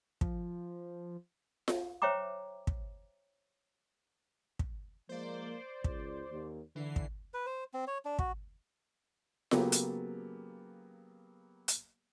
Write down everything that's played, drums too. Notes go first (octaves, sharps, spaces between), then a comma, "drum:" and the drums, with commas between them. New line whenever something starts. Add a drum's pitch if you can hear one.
F3, drum: kick
drum: snare F4
C5 C#5 E5 G5 A#5 D6
drum: kick
drum: kick
F3 G#3 A#3 C5 D5
C#2, drum: kick
D#2
D3 E3 C7
drum: kick
B4
C5
C4
C#5
D4
F#4, drum: kick
C#3 F#3 A#3 B3 G4 A4, drum: snare F4
drum: hi-hat
drum: hi-hat